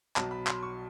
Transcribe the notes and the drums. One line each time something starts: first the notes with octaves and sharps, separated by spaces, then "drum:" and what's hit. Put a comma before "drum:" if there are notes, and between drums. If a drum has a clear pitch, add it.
B1 B2 F#3 A5, drum: clap
B5
C6, drum: clap
C#6